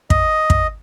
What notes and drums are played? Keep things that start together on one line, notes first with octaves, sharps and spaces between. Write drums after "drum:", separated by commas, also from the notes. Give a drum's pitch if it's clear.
D#5, drum: kick
drum: kick